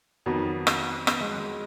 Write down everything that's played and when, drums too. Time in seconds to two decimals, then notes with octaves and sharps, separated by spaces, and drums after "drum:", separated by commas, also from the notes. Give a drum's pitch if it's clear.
0.26 F2 D#3 F#3 B3
0.67 drum: rim click
1.07 B3, drum: rim click
1.21 G#3
1.34 G#3